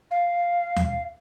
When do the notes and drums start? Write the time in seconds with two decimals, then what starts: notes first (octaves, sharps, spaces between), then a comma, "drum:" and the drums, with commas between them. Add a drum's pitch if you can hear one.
0.11 F5
0.76 drum: tom D#2